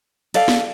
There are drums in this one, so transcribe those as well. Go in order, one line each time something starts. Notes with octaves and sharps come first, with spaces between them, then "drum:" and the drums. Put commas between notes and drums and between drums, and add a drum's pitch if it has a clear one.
A4 D5 F5, drum: cymbal
drum: snare